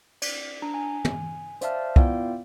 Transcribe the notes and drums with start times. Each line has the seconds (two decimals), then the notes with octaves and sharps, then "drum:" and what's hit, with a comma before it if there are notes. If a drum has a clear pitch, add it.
0.22 D5 B6, drum: cymbal
0.62 D4 A#5
0.74 G#5
1.05 drum: tom
1.61 C5 D5 E5 F5 A5 F6, drum: hi-hat
1.96 B3 E4 F4 D5 F5 G5, drum: kick